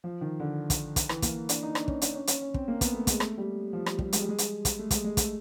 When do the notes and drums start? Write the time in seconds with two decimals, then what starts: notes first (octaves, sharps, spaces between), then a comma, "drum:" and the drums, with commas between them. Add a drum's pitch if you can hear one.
0.04 F3
0.21 D#3
0.40 D3
0.70 drum: kick, hi-hat
0.96 drum: kick, hi-hat
1.09 E3, drum: rim click
1.22 A#3, drum: kick, hi-hat
1.49 D4, drum: hi-hat
1.63 D#4
1.75 D4, drum: rim click
1.88 C#4, drum: kick
2.02 D4, drum: hi-hat
2.14 C#4
2.27 C#4, drum: hi-hat
2.42 C#4
2.54 C4, drum: kick
2.68 A#3
2.81 B3, drum: kick, hi-hat
2.94 A3
3.07 G#3, drum: kick, hi-hat
3.20 A3, drum: rim click
3.38 G3
3.73 F3
3.86 G3, drum: rim click
3.99 G3, drum: kick
4.13 G#3, drum: hi-hat
4.21 G3
4.29 G#3
4.38 drum: hi-hat
4.65 drum: kick, hi-hat
4.79 A3
4.91 G#3, drum: kick, hi-hat
5.04 G#3
5.17 A3, drum: kick, hi-hat